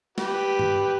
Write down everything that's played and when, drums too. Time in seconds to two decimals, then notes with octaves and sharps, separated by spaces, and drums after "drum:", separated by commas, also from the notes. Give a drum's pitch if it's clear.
0.18 G4 B4, drum: snare
0.59 drum: tom G2